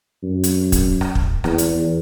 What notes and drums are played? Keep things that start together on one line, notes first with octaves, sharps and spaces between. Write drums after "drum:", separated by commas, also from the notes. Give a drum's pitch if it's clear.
F#2
drum: hi-hat
drum: kick, hi-hat
drum: rim click
drum: kick
E2, drum: rim click
drum: hi-hat